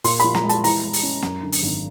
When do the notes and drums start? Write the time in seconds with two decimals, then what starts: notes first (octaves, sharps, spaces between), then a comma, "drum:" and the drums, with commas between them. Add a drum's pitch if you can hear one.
0.04 A#2 C6, drum: open hi-hat
0.20 F3 B5, drum: hi-hat
0.35 A#5, drum: snare
0.44 G#3
0.49 A5, drum: hi-hat
0.64 E3 A#5, drum: open hi-hat
0.83 G#3
0.93 drum: open hi-hat
1.03 C#4
1.22 F#2, drum: snare
1.43 D3
1.52 drum: open hi-hat
1.63 G#1